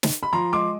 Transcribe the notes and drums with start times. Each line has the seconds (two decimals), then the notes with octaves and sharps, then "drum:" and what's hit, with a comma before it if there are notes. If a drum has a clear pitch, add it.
0.03 drum: snare
0.23 B5
0.33 F3 A#5 C6
0.52 G#3 C6 D6